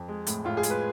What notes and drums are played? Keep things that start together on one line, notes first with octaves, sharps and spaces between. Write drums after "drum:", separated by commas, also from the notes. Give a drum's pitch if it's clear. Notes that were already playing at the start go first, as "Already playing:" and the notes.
Already playing: F2
G#3
A2, drum: hi-hat
A2 F4
G#4
G#3, drum: hi-hat
B4